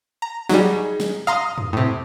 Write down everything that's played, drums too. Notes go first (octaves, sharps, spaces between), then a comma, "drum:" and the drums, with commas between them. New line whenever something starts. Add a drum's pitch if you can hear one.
A#5
F#3 G3 D#4 G#4, drum: snare
drum: snare
F5 A#5 C6 D#6
drum: tom F2
A2 C3